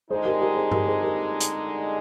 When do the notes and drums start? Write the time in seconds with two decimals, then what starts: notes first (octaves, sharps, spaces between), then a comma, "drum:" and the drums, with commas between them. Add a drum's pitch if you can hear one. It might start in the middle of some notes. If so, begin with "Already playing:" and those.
0.11 D3 G#3 D#4 G#4 C5
0.25 G4 A#4
0.41 G4 A#4
0.56 G#4 C5
0.72 G4 A#4, drum: tom G2
0.87 G#4 C5
1.02 G4 A#4
1.41 drum: hi-hat